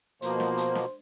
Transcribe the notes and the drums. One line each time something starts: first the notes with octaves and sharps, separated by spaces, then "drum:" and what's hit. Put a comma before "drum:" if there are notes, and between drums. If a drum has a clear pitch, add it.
B2 F3 A#3 C5, drum: hi-hat
drum: snare
drum: hi-hat
drum: snare